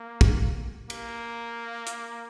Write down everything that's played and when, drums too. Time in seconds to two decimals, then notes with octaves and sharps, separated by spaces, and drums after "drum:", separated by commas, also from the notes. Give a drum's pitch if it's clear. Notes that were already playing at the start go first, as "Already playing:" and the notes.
Already playing: A#3
0.21 drum: kick
0.90 A#3, drum: cymbal
1.87 drum: hi-hat